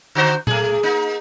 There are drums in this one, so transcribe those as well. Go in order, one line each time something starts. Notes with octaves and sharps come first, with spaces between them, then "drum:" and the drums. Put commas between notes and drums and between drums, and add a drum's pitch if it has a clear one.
D3 F#4 C5
A3 G#4, drum: tom A#2
A#3 D#4